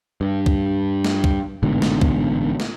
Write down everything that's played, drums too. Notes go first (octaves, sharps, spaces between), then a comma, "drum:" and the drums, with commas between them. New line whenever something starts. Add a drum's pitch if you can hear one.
G2
drum: kick C2
drum: snare
drum: kick C2
A1 G#2 B2 D3
drum: snare
drum: kick C2
drum: snare